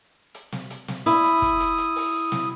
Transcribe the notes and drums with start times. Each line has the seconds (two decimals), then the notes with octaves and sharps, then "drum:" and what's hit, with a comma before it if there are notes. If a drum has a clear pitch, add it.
0.34 drum: hi-hat
0.52 drum: snare
0.70 drum: hi-hat
0.88 drum: snare
1.06 E4 D#6, drum: hi-hat
1.24 drum: hi-hat
1.42 drum: kick, hi-hat
1.60 drum: hi-hat
1.78 drum: hi-hat
1.96 drum: open hi-hat
2.32 drum: snare